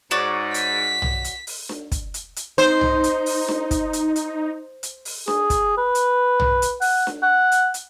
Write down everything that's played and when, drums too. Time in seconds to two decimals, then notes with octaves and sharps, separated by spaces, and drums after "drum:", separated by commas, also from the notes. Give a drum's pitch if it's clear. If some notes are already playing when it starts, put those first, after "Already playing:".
0.11 G#2 F#4 C#5 D5
0.54 B6, drum: hi-hat
1.02 drum: tom
1.24 drum: hi-hat
1.47 drum: open hi-hat
1.69 drum: snare D4
1.92 drum: kick, hi-hat
2.14 drum: hi-hat
2.36 drum: hi-hat
2.58 D#4 C5
2.81 drum: tom
3.04 drum: hi-hat
3.26 drum: open hi-hat
3.48 drum: snare D4
3.71 drum: kick, hi-hat
3.93 drum: hi-hat
4.16 drum: hi-hat
4.83 drum: hi-hat
5.05 drum: open hi-hat
5.28 G#4, drum: snare D4
5.50 drum: kick, hi-hat
5.78 B4
5.95 drum: hi-hat
6.40 drum: tom
6.62 drum: hi-hat
6.81 F#5, drum: open hi-hat
7.07 drum: snare D4
7.23 F#5
7.52 drum: hi-hat
7.74 drum: hi-hat